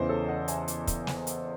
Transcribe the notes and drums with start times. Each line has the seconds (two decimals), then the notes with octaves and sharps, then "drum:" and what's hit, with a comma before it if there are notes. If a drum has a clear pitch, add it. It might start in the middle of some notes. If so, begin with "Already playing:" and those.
Already playing: E2 C#3 E3 C5 D#5
0.08 A4 C#5
0.29 D#5 F#5
0.48 E5 G#5, drum: hi-hat
0.68 drum: hi-hat
0.87 drum: kick, hi-hat
1.07 drum: snare
1.27 drum: hi-hat